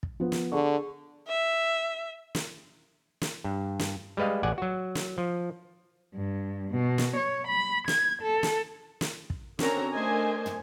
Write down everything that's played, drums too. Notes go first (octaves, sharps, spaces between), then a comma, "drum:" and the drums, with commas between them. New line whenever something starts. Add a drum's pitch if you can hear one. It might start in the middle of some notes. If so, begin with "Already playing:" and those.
drum: kick
F3 B3
drum: snare
D3 G#4 C#6
E5
drum: snare
drum: snare
G2
drum: snare
G3 G#3 B4 D#5 F5
A1 D5 F#5 G#5
F#3 F#4
drum: snare
F3
G2
B2
drum: snare
C#5
B5
G#6, drum: snare
A4
drum: snare
drum: snare
drum: kick
D3 C4 C#4 F#4 A#4 A#5, drum: snare
A3 D4 A#4 C5 D#5 G#5
drum: tom